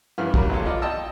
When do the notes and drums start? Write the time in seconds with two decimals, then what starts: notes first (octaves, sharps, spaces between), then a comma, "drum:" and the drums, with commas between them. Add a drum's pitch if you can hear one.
0.18 G2 C#3 E3 B3 F6
0.34 C#3 F#3 G3 A#4, drum: kick
0.49 B1 G#3 A4
0.66 F4 D5 D#5
0.82 D#5 G5 A5 D#6 E6